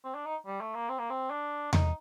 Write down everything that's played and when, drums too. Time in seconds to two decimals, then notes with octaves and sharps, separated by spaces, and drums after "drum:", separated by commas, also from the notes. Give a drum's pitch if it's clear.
0.05 C4
0.15 D4
0.26 D#4
0.46 G3
0.61 A3
0.75 A#3
0.89 C4
0.99 A#3
1.10 C4
1.30 D4
1.73 D#4, drum: tom E2